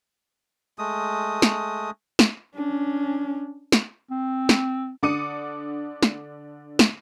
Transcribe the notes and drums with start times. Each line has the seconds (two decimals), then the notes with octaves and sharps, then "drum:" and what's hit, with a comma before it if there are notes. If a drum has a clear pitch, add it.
0.79 G#3 A3 D#6
1.42 drum: snare
2.19 drum: snare
2.55 C#4 D4
3.72 drum: snare
4.11 C4
4.49 drum: snare
5.03 D3 D4 D6 D#6 C#7 D#7
6.03 drum: snare
6.79 drum: snare